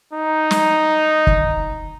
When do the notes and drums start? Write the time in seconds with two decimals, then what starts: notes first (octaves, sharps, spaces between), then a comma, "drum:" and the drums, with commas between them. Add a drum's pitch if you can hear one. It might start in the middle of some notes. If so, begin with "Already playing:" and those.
0.13 D#4
0.51 drum: snare
1.27 drum: kick